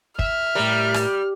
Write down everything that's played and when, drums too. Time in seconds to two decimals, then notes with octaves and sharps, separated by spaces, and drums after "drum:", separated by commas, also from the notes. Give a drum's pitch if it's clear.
0.19 E5 F6, drum: kick
0.55 A2 G3 A#4
0.94 drum: rim click